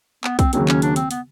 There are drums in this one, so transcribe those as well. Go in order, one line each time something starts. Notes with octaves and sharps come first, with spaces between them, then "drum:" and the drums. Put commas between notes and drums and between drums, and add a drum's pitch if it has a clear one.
B3, drum: clap
C4, drum: kick, hi-hat
D#2 C#3 F#3 A#3 C4, drum: hi-hat
C#4, drum: clap
D4, drum: hi-hat
C4, drum: hi-hat
B3, drum: hi-hat